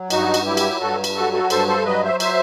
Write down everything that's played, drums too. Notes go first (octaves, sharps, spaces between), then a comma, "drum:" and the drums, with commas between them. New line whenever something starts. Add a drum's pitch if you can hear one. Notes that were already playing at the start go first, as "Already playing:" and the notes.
Already playing: F#3
G2 D#4 F#4, drum: cymbal
drum: cymbal
F#3 E4 G4
drum: cymbal
G2 F#4 A4
drum: cymbal
F#3 F#4 A4
F#4 A4
G2 A4 C5, drum: cymbal
A4 C5
F#3 B4 D#5
C5 E5
C5 E5, drum: cymbal